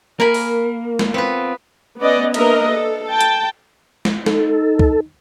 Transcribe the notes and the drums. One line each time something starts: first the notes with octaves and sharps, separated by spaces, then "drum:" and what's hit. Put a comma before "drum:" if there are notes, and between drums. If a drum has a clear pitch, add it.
A#3 A#4 G#5 B5
drum: open hi-hat
drum: snare
B3 C4 F4 B4
B3 C#4 B4 D5 D#5
A#3 D4 A#4 B4 D#5 E5, drum: cymbal
A4
G5 A5
drum: hi-hat
drum: snare
D#4 A4, drum: snare
drum: kick